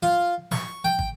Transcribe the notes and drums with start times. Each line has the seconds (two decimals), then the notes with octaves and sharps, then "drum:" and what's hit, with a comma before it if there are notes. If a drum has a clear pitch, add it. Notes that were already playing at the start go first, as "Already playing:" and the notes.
0.03 F4
0.51 C#6, drum: snare
0.84 G5
0.99 drum: kick